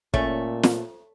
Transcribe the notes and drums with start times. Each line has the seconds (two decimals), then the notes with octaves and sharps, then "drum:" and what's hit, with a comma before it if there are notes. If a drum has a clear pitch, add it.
0.14 A#2 A3 C#4, drum: kick
0.63 drum: snare